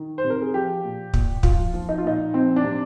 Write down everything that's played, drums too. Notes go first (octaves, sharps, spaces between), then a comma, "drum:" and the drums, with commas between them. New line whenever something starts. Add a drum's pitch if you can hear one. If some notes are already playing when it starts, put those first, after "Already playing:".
Already playing: D#3
C5
C3
A#4
G#4
F3 G4
A#2
A#2, drum: kick
F3 F4, drum: kick
F3
D#4
F4
A#2 D#4
F3 C4
D4
C3